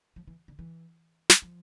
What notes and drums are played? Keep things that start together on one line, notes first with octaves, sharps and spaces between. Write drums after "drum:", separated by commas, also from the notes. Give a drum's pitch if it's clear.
F3
E3
D3
E3
drum: snare
F3